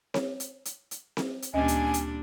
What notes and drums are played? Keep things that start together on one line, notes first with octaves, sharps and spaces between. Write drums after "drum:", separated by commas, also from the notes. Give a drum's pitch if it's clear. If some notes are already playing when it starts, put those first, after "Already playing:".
C#5, drum: snare C4
drum: hi-hat
drum: hi-hat
drum: hi-hat
drum: snare C4
drum: hi-hat
D2 A#2 G3 C#4 D4 D#5 G#5
drum: hi-hat
drum: hi-hat